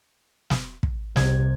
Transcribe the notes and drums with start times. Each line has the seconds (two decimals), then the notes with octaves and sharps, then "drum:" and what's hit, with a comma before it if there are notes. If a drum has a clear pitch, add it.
0.50 drum: snare
0.83 drum: kick
1.16 C2 C3 G#6, drum: snare